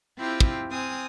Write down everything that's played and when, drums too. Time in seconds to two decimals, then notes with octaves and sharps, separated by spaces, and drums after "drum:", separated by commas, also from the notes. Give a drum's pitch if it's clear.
0.19 C4 E4 F4 G4
0.40 drum: kick
0.71 C4 G#5 D#6 F6